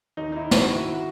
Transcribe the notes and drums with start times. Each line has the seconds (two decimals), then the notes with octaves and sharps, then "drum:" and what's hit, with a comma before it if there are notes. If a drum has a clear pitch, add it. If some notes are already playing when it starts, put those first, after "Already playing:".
0.17 D#2 D#4
0.32 D#4
0.36 E4
0.51 E4, drum: snare
0.55 D#3 F#4
0.69 F#4
0.75 E4
0.94 F#4